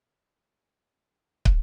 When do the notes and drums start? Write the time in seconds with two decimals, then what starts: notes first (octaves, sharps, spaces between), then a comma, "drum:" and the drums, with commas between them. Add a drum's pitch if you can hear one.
0.21 F3 G#3 A3 D4 D#4
1.45 drum: kick